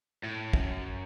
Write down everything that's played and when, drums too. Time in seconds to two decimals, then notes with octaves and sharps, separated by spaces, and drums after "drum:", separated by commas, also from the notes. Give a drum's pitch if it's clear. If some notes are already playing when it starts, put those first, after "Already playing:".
0.23 A2
0.53 F#2, drum: kick